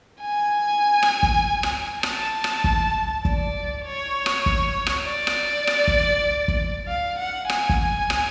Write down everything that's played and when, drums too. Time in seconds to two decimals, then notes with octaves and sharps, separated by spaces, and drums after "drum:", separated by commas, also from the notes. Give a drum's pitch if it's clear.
0.22 G#5
1.03 drum: rim click
1.23 drum: kick
1.63 drum: rim click
2.03 A5, drum: rim click
2.44 drum: rim click
2.64 drum: kick
3.25 D5, drum: kick
3.85 C#5
4.26 drum: rim click
4.46 drum: kick
4.86 drum: rim click
5.07 D5
5.27 drum: rim click
5.67 drum: rim click
5.88 drum: kick
6.48 drum: kick
6.88 F5
7.19 F#5
7.49 G#5, drum: rim click
7.69 drum: kick
8.10 drum: rim click